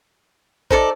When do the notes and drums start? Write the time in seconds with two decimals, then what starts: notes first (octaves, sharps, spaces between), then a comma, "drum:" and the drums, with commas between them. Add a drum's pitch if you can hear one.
0.71 D#4 A4 C5 D5, drum: kick A1